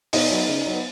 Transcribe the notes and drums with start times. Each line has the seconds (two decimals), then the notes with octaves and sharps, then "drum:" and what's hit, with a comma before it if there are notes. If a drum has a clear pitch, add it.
0.13 B2 D#4 D#5, drum: open hi-hat
0.30 F#3 B3
0.48 C#3
0.66 F#3 B3